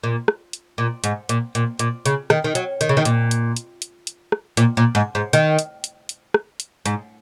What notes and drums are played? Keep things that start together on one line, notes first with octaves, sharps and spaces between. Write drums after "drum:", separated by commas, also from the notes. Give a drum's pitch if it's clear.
A#2
drum: rim click
drum: hi-hat
A#2
G#2, drum: hi-hat
A#2, drum: hi-hat
A#2, drum: hi-hat
A#2, drum: hi-hat
C#3, drum: hi-hat
D#3, drum: rim click
D#3
F#3, drum: hi-hat
D#3, drum: hi-hat
C#3
D#3
A#2, drum: hi-hat
drum: hi-hat
drum: hi-hat
drum: hi-hat
drum: hi-hat
drum: rim click
A#2, drum: hi-hat
A#2
G#2
G#2
D#3, drum: hi-hat
drum: hi-hat
drum: hi-hat
drum: hi-hat
drum: rim click
drum: hi-hat
G#2, drum: hi-hat